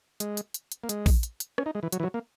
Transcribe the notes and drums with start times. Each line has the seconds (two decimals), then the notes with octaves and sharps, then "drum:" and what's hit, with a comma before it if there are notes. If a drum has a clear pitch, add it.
0.20 G#3, drum: hi-hat
0.37 drum: hi-hat
0.54 drum: hi-hat
0.72 drum: hi-hat
0.84 A#3
0.89 G#3, drum: hi-hat
1.06 drum: kick, open hi-hat
1.23 drum: hi-hat
1.40 drum: hi-hat
1.58 C#4, drum: rim click
1.66 D#4
1.75 G#3
1.83 E3
1.92 F#3, drum: hi-hat
2.00 E3
2.03 F#3
2.14 A#3